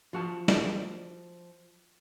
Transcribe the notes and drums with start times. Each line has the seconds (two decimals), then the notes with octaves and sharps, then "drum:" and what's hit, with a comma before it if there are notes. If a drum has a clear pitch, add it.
0.13 F3 F4 F#4 A5
0.48 drum: snare